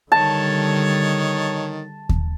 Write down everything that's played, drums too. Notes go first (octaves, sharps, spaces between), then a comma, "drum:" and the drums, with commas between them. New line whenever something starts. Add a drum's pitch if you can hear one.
D3 D#3 G3 C#5 D#5 A5
drum: kick D#2